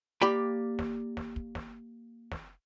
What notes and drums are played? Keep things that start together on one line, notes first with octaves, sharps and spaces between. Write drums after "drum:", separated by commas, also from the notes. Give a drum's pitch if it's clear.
A#3 G4 D5 G5 B5
drum: snare
drum: snare
drum: kick
drum: snare
drum: snare